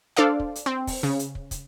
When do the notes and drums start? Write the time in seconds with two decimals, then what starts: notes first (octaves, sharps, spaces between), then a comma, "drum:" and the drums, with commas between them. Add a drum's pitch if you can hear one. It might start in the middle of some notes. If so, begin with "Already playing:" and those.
0.17 D4 A4 C5 D5 F5
0.40 drum: kick
0.55 drum: hi-hat
0.66 C4
0.87 drum: kick, open hi-hat
1.03 C#3
1.19 drum: hi-hat
1.35 drum: kick
1.51 drum: kick, hi-hat